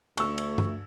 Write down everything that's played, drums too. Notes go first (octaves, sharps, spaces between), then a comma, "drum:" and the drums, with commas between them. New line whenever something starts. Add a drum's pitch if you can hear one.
D2 A3 C#6 E6, drum: cymbal
drum: cymbal
drum: tom G2